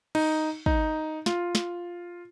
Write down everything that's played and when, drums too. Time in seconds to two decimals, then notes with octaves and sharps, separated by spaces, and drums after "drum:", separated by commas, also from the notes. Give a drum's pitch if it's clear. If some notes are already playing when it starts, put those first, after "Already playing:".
0.15 D#4, drum: cymbal
0.66 D#4, drum: kick
1.26 F4, drum: snare
1.55 drum: snare